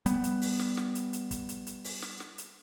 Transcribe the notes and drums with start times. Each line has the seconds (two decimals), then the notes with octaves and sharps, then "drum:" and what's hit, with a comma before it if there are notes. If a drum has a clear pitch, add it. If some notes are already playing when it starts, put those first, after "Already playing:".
0.06 G3 B3, drum: hi-hat
0.24 drum: hi-hat
0.42 drum: open hi-hat
0.59 drum: snare
0.77 drum: snare
0.95 drum: hi-hat
1.13 drum: hi-hat
1.31 drum: kick, hi-hat
1.49 drum: hi-hat
1.67 drum: hi-hat
1.84 drum: open hi-hat
2.02 drum: snare
2.20 drum: snare
2.38 drum: hi-hat